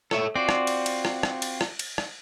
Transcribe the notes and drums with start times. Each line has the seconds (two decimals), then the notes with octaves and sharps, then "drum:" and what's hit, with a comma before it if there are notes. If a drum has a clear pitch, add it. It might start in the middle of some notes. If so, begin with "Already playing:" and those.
0.11 A4 C#5 E5, drum: rim click
0.36 C4 F4 F#4 D5
0.49 drum: rim click
0.67 drum: cymbal
0.86 drum: cymbal
1.05 drum: rim click
1.23 drum: rim click
1.42 drum: cymbal
1.61 drum: rim click
1.79 drum: cymbal
1.98 drum: rim click